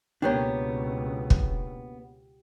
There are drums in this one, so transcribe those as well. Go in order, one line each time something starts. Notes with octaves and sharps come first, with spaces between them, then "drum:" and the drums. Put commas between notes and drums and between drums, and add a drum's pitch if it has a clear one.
C#2 B2 A#3 B3 D4 G4 C#5 G5
drum: kick